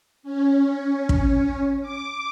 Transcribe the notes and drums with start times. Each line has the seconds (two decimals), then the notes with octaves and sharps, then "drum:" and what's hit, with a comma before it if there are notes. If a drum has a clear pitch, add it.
0.23 C#4
1.09 drum: kick
1.82 D6